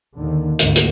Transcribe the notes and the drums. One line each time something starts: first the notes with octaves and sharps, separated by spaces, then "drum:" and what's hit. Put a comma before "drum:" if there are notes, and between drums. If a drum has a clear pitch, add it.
D#2 D3 D#3
D2 G#2 D3 D#3 A#3, drum: hi-hat
drum: hi-hat